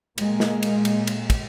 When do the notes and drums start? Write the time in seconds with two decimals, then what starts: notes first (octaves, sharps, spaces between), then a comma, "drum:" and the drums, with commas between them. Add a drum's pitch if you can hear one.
0.18 A#2 G#3 A#3, drum: cymbal
0.40 drum: snare
0.63 drum: cymbal
0.85 drum: cymbal
1.07 drum: cymbal
1.30 drum: kick, cymbal